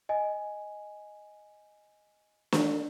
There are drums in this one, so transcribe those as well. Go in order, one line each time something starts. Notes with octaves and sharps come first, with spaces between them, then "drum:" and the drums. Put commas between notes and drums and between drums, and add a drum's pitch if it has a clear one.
D#5 G#5
drum: snare